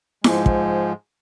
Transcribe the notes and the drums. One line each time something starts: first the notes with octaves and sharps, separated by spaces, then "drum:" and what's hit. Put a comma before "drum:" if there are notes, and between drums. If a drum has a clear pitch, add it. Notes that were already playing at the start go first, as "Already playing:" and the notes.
G#2 F3 G#3, drum: snare E4
drum: kick